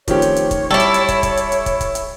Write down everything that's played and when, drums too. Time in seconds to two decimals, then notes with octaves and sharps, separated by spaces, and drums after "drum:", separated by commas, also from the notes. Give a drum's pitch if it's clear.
0.08 D#3 F3 A3 C4 C#4 G4 C#5, drum: kick, hi-hat
0.22 drum: hi-hat
0.36 drum: hi-hat
0.51 drum: kick, hi-hat
0.71 G3 E4 A4 G5 C#6 D6
0.80 drum: hi-hat
0.94 drum: hi-hat
1.09 drum: kick, hi-hat
1.23 drum: kick, hi-hat
1.37 drum: hi-hat
1.52 drum: hi-hat
1.66 drum: kick, hi-hat
1.81 drum: kick, hi-hat
1.95 drum: hi-hat